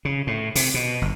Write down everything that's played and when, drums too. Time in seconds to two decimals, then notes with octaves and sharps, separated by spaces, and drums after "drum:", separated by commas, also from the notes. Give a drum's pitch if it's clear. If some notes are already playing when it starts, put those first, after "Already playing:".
0.05 C#3
0.27 A2
0.55 C3, drum: open hi-hat
0.74 B2
1.02 G1